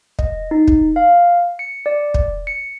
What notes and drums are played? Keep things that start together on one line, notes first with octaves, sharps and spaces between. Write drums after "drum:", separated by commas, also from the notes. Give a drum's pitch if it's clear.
D#5, drum: kick
D#4
drum: kick
F5
C#7
D5
drum: kick
C#7